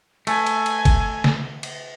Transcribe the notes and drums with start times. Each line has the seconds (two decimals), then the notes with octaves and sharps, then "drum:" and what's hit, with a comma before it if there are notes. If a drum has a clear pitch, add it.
0.27 A3 G#5, drum: cymbal
0.47 drum: cymbal
0.66 drum: cymbal
0.85 drum: kick G1, cymbal
1.24 drum: snare
1.63 drum: cymbal